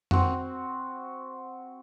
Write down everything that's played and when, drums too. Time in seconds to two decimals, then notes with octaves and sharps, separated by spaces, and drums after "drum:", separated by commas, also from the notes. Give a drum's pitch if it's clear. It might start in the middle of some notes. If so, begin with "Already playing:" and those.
0.11 C4 F#4, drum: tom F2